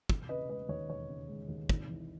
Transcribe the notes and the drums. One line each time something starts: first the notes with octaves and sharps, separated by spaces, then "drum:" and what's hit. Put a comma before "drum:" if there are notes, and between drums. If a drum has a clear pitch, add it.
E1, drum: kick
C#3 B4 D#5
G#3 B4 D#5
D#2 C#5
E1 C#5
C#3
G#3
D#2
G#1, drum: kick
E3